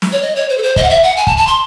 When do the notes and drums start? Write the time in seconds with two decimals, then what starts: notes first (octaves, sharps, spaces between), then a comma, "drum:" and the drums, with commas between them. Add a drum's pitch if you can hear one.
0.02 drum: snare
0.12 C#5
0.22 D#5
0.36 C#5
0.49 C5
0.58 A4
0.63 C5
0.76 D#5, drum: kick
0.83 F#5
0.90 E5
1.03 F#5
1.17 G#5
1.27 A5, drum: kick
1.37 A5
1.47 C6